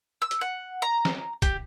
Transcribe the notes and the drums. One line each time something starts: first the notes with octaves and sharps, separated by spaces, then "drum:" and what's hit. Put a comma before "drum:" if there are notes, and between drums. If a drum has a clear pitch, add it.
E6
drum: hi-hat
F#5
A#5
drum: snare
G4, drum: kick, hi-hat